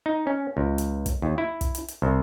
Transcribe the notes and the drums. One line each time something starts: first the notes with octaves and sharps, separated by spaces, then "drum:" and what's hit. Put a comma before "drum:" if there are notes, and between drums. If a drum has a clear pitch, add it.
D#4
C#4
C#2
drum: hi-hat
drum: kick, hi-hat
D#2
E4
drum: kick, hi-hat
drum: hi-hat
drum: hi-hat
C2